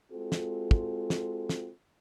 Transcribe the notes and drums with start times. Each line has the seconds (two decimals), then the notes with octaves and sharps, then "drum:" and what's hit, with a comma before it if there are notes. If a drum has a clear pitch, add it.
0.12 G#3 C4 F4 F#4 A4
0.32 drum: snare
0.71 drum: kick
1.10 drum: snare
1.49 drum: snare